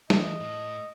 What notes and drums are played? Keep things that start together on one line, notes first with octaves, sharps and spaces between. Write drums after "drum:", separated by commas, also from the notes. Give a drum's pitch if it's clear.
E3 F3 D#5, drum: snare
A2